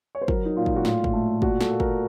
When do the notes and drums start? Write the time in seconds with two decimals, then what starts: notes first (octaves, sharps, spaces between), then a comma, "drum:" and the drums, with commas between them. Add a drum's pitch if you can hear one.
0.15 C#5
0.21 C5
0.28 F#3 A#4, drum: kick
0.45 D#4
0.57 A#2 F4
0.66 drum: kick
0.76 F#4
0.85 A2 F4, drum: snare
1.04 drum: kick
1.13 A3
1.42 A#2 F#4, drum: kick
1.61 A4, drum: snare
1.71 A#3
1.80 A#4, drum: kick